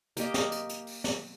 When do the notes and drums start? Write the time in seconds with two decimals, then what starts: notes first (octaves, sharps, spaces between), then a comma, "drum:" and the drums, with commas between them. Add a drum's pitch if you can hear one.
0.17 A#3 G4 D#5, drum: hi-hat
0.34 drum: snare
0.52 drum: hi-hat
0.69 drum: hi-hat
0.87 drum: open hi-hat
1.04 drum: snare